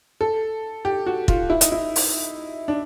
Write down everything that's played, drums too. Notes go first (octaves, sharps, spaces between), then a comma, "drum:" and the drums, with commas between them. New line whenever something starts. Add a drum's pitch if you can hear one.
A4
G4
F#4
F4, drum: kick
E4
D#4, drum: hi-hat
E4
drum: open hi-hat
D4